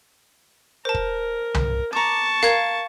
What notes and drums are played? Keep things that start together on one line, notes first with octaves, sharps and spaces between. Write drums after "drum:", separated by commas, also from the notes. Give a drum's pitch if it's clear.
A#4 C5 A5
drum: kick
drum: tom C2
A5 A#5 C#6 D6
A#4 F5 G#6